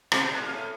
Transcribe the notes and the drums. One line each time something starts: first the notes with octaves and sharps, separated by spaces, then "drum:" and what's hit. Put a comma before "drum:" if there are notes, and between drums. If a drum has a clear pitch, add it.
C3 C4, drum: rim click
B2 B3
G#2 G#3
A#2 A#3
A2 A3